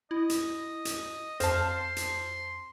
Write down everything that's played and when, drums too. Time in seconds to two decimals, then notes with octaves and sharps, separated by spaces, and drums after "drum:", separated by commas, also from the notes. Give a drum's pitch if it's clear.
0.11 E4 D#5
0.30 drum: hi-hat
0.85 drum: hi-hat
1.40 F2 C5 F5 A5, drum: hi-hat
1.69 C6
1.96 drum: hi-hat